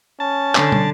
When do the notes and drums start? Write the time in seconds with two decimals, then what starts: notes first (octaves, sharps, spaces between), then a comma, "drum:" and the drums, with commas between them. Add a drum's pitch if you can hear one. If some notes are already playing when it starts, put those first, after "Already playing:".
0.20 C#4 A5
0.55 D3, drum: clap
0.72 drum: tom